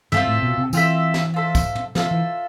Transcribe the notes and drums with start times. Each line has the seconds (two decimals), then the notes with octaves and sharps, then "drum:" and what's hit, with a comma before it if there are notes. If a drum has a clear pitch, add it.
0.12 G2 C4 F4 A4 E5, drum: tom
0.27 A2
0.42 B2
0.57 C3
0.73 E3 C4 F4 A4 E5, drum: tambourine
1.14 drum: snare
1.34 F4 A4 C5 E5
1.55 drum: kick, tambourine
1.75 drum: tom
1.95 F3 F4 A4 C5 E5, drum: snare
2.11 E3